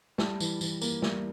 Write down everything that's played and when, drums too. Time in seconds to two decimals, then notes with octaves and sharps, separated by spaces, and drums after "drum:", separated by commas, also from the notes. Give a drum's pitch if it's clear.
0.18 G3 A5, drum: snare
0.40 E3, drum: tambourine
0.61 E3, drum: tambourine
0.81 A#3, drum: tambourine
1.02 G3, drum: snare